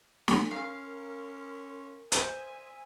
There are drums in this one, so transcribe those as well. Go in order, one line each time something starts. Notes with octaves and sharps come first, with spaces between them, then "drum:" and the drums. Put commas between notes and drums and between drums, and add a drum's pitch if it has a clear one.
drum: snare
C#4 A#4 F5
C5 E5 G#5, drum: hi-hat